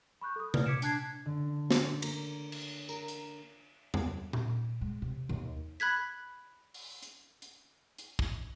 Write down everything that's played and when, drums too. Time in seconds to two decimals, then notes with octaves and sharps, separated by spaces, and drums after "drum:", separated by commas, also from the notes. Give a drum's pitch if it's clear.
0.21 B5 C#6 F#6 G6
0.36 A4 D#6
0.54 B4 D5 F6, drum: tom C3
0.66 D6 G#6 B6 C#7 D7 E7
0.82 D4 A5 F#6 G#6 C7, drum: hi-hat
1.26 D3
1.71 drum: snare
2.02 A#3, drum: cymbal
2.52 drum: cymbal
2.89 A#4, drum: tambourine
3.08 drum: hi-hat
3.94 drum: tom E2
4.33 drum: tom A#2
4.81 G#3
5.02 C3
5.29 D#2
5.80 B5 F#6 G#6 B6
6.74 drum: open hi-hat
7.03 drum: hi-hat
7.42 drum: hi-hat
7.98 drum: hi-hat
8.19 drum: kick